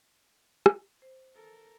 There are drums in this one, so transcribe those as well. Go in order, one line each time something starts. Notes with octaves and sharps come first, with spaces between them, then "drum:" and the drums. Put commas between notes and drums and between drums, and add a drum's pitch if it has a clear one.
drum: rim click
C5
A4 A#4